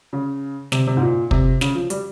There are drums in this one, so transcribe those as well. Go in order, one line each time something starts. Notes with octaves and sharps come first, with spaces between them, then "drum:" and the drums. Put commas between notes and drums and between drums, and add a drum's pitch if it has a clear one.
C#3
C3, drum: snare
C3
G#2
A#2
C3, drum: kick
C#3, drum: snare
F3
G3, drum: hi-hat